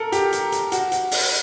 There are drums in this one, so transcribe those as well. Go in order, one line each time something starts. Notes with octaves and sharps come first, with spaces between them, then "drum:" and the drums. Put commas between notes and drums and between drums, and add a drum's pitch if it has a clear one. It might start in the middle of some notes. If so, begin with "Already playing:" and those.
Already playing: A4 A#4
G4, drum: hi-hat
drum: hi-hat
drum: hi-hat
F#4, drum: hi-hat
drum: hi-hat
drum: open hi-hat